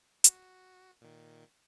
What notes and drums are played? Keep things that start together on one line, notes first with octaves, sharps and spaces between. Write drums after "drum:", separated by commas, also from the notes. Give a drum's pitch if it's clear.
F#4, drum: hi-hat
A#2 D#3